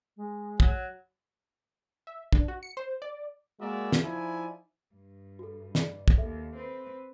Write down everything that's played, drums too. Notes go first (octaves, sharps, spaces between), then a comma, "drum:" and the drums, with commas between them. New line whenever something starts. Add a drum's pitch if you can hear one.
G#3
F#3, drum: kick
E5
D4, drum: kick
F#4
C#7
C5
D5
G#3 A#3 F#4 A#4 D5 E5
drum: snare
F3 D#4 E4 D5 G#5
G2
F#4 A4
D5 D#5, drum: snare
drum: kick
D#2 A4 E5
C4 B4